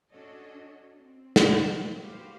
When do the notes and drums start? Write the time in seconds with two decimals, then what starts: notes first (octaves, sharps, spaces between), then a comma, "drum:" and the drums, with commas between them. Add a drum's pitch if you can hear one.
0.11 C#4 D4 F#4 A4 C#5 D#5
0.99 C4
1.36 drum: snare
2.02 F#4 G4 B4 C5 F5